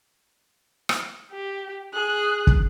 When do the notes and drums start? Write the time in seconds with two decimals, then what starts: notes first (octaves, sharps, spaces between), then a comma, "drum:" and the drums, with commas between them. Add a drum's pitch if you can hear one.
0.89 drum: rim click
1.32 G4
1.93 G#4 F#6
2.47 drum: kick